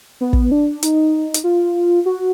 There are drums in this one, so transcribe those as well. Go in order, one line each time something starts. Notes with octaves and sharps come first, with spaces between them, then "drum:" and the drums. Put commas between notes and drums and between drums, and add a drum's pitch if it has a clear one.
B3
drum: kick
D4
D#4, drum: hi-hat
drum: hi-hat
F4
F#4